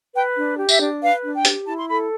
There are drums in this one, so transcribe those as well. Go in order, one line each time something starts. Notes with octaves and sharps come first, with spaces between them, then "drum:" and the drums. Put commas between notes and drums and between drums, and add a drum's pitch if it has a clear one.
B4 G5
D4
G4
E5, drum: tambourine
D4
B4 F5
D4
G5
G4, drum: hi-hat
E4 A5
C6
A4 B5